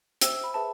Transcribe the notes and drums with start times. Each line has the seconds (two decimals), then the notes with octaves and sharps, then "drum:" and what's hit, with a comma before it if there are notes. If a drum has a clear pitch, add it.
0.21 C5 E5 G5 E6, drum: hi-hat
0.33 E6
0.44 B5
0.54 G#4 B4 E5 A5